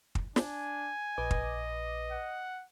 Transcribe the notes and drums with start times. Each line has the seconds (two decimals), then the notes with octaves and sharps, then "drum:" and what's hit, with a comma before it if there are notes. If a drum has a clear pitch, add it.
0.15 drum: kick
0.36 D4 G#5, drum: snare
1.18 A#1 B4 D#5 D6
1.31 drum: kick
2.12 F#5